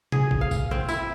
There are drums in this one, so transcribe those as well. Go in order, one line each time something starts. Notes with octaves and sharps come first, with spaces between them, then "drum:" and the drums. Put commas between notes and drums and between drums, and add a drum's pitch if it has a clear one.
G#4, drum: tom C3
drum: kick
F5
drum: kick, tambourine
C4, drum: tom D3
E4, drum: tambourine